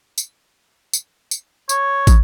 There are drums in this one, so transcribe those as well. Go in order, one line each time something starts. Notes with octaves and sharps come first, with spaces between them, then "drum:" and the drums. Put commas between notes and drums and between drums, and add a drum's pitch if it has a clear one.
drum: tambourine
drum: tambourine
drum: tambourine
C#5, drum: tambourine
drum: kick, tambourine